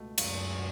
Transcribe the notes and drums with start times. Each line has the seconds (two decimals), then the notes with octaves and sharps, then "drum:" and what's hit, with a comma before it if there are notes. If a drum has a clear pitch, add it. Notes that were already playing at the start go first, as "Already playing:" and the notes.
Already playing: C#2 B2 A3
0.18 C#2 F#2, drum: cymbal
0.55 B2